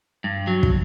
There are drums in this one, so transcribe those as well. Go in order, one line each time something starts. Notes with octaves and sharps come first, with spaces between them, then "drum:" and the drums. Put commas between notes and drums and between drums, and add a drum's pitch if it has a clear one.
G2
F#3
drum: kick